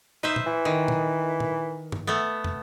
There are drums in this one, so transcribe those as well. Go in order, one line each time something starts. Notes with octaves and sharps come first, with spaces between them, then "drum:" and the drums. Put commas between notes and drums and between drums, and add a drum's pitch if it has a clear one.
D#4 B4 C5 E5
drum: tom A#2
E3
D#3
drum: tom A#2
drum: tom A#2
drum: tom
A3 B3
drum: tom